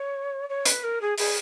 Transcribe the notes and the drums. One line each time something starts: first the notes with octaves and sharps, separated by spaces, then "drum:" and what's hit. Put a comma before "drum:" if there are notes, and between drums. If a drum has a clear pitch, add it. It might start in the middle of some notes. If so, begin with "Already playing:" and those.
Already playing: C#5
C#5
B4, drum: hi-hat
A#4
G#4
G#4, drum: open hi-hat